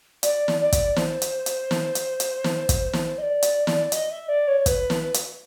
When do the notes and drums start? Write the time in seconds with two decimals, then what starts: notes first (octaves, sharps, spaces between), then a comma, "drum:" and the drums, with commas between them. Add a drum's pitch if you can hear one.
0.23 D5, drum: hi-hat
0.48 drum: snare
0.60 D5
0.72 drum: kick, hi-hat
0.96 C5, drum: snare
1.22 drum: hi-hat
1.46 drum: hi-hat
1.71 drum: snare
1.95 drum: hi-hat
2.20 drum: hi-hat
2.44 drum: snare
2.69 drum: kick, hi-hat
2.93 drum: snare
3.18 D#5
3.22 D5
3.43 drum: hi-hat
3.67 drum: snare
3.92 D#5, drum: hi-hat
4.11 E5
4.28 D5
4.47 C#5
4.66 B4, drum: kick, hi-hat
4.90 drum: snare
5.14 drum: hi-hat